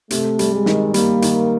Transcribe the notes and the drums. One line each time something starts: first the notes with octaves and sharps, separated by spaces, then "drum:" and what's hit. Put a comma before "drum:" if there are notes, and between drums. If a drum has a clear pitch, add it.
C3 A3, drum: hi-hat
G3, drum: hi-hat
G#3
D#3, drum: snare
G3 A#3, drum: hi-hat
D#3, drum: hi-hat